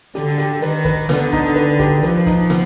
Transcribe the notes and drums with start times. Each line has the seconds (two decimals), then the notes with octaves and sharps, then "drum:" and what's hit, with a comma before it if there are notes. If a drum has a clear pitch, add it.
0.15 D3 G4, drum: hi-hat
0.38 G4, drum: hi-hat
0.62 D#3 B4, drum: hi-hat
0.85 B4, drum: kick, hi-hat
1.09 D3 B3, drum: snare
1.33 D#4, drum: kick, hi-hat
1.56 B4, drum: hi-hat
1.79 G4, drum: kick, hi-hat
2.03 F3 B4, drum: hi-hat
2.26 D#4, drum: kick, hi-hat
2.50 B3, drum: snare